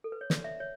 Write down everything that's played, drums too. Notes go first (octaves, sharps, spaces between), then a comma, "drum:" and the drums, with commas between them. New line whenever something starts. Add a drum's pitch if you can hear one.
A4
B4
C#5
D5, drum: snare
E5
C#5